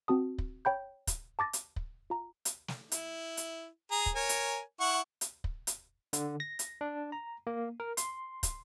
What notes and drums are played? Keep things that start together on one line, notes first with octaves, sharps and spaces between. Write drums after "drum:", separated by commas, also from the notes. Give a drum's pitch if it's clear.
C4 F#4 A5 D#6
drum: kick
C#5 G5 B5 G6
drum: kick, hi-hat
A5 D6 A6 A#6
drum: hi-hat
drum: kick
F4 A#5
drum: hi-hat
drum: snare
E4, drum: hi-hat
drum: hi-hat
G#4 A#5
drum: kick
A#4 C#5 G#5
drum: hi-hat
E4 F#5 C#6
drum: hi-hat
drum: kick
drum: hi-hat
D3, drum: hi-hat
A#6
drum: hi-hat
D4
A#5
A#3
A#4
C6, drum: hi-hat
drum: kick, hi-hat